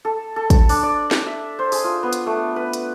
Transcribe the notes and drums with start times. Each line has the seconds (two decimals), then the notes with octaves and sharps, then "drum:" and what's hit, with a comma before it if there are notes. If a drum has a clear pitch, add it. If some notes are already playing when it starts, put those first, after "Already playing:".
0.05 A4
0.36 A4
0.50 drum: kick, hi-hat
0.69 D4, drum: open hi-hat
0.83 D5
1.11 drum: snare
1.26 E5
1.59 C5
1.72 G#4, drum: open hi-hat
1.84 F4
2.03 B3
2.13 drum: hi-hat
2.26 A3
2.56 B4
2.73 drum: hi-hat